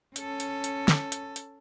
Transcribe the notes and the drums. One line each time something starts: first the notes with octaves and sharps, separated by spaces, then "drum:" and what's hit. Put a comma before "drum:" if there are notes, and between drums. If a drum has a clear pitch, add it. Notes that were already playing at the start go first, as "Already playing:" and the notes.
C#4 A4, drum: hi-hat
drum: hi-hat
drum: hi-hat
drum: snare
drum: hi-hat
drum: hi-hat